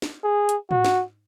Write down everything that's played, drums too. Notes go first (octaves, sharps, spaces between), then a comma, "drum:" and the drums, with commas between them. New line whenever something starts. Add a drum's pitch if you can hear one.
drum: snare
G#4
drum: hi-hat
F#4, drum: tom
drum: snare